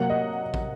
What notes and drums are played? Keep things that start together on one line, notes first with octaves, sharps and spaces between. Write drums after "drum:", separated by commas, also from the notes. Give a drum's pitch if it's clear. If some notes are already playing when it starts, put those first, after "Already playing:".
Already playing: C3 F#3 A#3 F#5
D#5
drum: kick